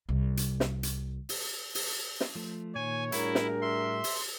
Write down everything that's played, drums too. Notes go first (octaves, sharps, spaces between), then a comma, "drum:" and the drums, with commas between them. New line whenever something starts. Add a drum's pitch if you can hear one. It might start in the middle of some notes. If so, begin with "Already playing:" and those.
C2
drum: hi-hat
drum: snare
drum: hi-hat
drum: open hi-hat
drum: open hi-hat
drum: snare
F3 A3
A#2 D#3 C#5 G#5
A2 G3 D4 E4 F#4 G#4 A#4, drum: hi-hat
drum: snare
E5 C6
drum: open hi-hat